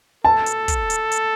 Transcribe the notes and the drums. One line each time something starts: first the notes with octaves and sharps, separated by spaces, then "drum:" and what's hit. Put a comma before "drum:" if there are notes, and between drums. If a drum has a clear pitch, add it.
A4 A5
drum: hi-hat
drum: kick, hi-hat
drum: hi-hat
drum: hi-hat